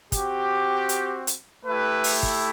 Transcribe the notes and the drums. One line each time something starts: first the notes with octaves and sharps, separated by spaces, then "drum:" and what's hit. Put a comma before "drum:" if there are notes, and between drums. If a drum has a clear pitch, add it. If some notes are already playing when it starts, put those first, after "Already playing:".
C4 F#4 G4, drum: kick, hi-hat
drum: hi-hat
drum: hi-hat
A3 E4 G4 B4
drum: open hi-hat
drum: kick